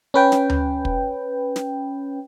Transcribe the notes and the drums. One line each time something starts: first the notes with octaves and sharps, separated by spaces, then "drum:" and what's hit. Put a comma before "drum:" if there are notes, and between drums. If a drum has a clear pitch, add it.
C#4 B4 G5
drum: snare
drum: tom D2
drum: kick
drum: snare